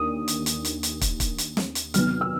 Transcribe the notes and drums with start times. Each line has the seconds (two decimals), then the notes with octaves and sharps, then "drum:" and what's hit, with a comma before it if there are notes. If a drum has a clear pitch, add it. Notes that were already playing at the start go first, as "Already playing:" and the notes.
Already playing: D#2 D#3 A#3 D4 D#6
0.28 drum: hi-hat
0.46 drum: hi-hat
0.65 drum: hi-hat
0.83 drum: hi-hat
1.01 drum: kick, hi-hat
1.20 drum: kick, hi-hat
1.38 drum: hi-hat
1.57 drum: snare
1.75 drum: hi-hat
1.94 C3 D#3 F#3 B3 F6, drum: hi-hat
2.21 E6